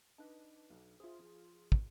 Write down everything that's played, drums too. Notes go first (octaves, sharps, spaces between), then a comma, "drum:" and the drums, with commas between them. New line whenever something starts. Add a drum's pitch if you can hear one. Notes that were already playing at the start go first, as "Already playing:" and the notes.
D4 D#4 B4
B1
F4 G#4 C5 E5
F3
drum: kick